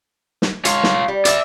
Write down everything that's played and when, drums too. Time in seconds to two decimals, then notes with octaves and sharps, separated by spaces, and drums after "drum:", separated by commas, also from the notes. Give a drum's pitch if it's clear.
0.42 drum: snare
0.65 F4 C#5, drum: hi-hat
0.83 drum: snare
1.08 G3
1.25 D5 E5, drum: hi-hat